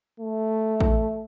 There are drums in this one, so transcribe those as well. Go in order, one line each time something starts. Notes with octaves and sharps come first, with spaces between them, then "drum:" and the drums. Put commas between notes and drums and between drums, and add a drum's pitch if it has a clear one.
A3
drum: kick A1